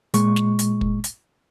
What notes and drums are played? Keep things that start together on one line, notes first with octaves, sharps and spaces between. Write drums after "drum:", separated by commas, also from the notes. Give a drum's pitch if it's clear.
A#2 G#3 C#6, drum: hi-hat
drum: snare
drum: hi-hat
drum: kick
drum: hi-hat